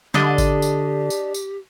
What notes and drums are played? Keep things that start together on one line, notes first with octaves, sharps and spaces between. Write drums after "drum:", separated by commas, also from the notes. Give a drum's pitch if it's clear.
D3 D4 G4 D#5, drum: snare
drum: kick G#1, tambourine
drum: tambourine
drum: tambourine
drum: tambourine